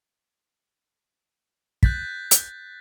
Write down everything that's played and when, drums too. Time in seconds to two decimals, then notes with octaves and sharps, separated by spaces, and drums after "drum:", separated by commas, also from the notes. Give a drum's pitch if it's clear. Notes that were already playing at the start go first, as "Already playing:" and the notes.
1.83 F#6 G6 A6 B6, drum: kick
2.31 drum: hi-hat